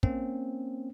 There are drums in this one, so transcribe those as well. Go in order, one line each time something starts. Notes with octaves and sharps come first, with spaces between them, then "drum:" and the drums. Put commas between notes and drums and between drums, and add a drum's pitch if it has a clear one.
A#3 C4 C#4, drum: kick